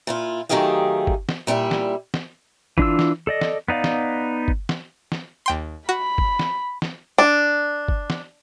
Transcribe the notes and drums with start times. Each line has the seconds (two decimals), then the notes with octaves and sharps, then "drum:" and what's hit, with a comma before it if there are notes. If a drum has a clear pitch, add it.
0.07 A#2 E4 F4
0.49 D#3 F#3 A3 G4 G#4 F5
1.07 drum: kick
1.29 drum: snare
1.47 A#2 G3 E4 E5
1.71 drum: snare
2.14 drum: snare
2.78 E3 D4 F4 E6, drum: kick
2.99 drum: snare
3.27 A4 D5 D#5
3.41 drum: snare
3.68 B3 D#4 D5 F5
3.84 drum: snare
4.48 drum: kick
4.69 drum: snare
5.12 drum: snare
5.46 D#2 G5 C6
5.89 F#4 B5
6.18 drum: kick
6.39 drum: snare
6.82 drum: snare
7.18 D4
7.88 drum: kick
8.10 drum: snare